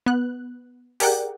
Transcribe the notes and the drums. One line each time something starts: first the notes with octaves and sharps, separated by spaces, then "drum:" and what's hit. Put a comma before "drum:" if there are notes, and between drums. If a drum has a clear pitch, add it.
B3 F#6
G4 G#4 A#4 D5 F#5 G5, drum: open hi-hat